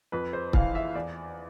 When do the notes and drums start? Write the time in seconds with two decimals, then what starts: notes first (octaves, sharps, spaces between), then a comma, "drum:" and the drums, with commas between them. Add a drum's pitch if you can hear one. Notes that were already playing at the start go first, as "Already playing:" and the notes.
0.12 F2 B4
0.33 C5
0.53 E3 F5, drum: kick
0.75 E5
0.95 E2 D5